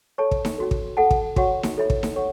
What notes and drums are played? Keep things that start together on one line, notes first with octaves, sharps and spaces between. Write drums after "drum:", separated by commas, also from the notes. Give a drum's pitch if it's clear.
A4 C#5 A5 C#6
drum: kick
drum: snare D#4
C#4 F#4 A4
drum: kick
A4 F#5 A5
drum: kick
F#4 C#5 F#5 C#6, drum: kick
drum: snare D#4
E4 A4 C#5 E5 B5
drum: kick
drum: snare D#4
A4 C#5 F#5 C#6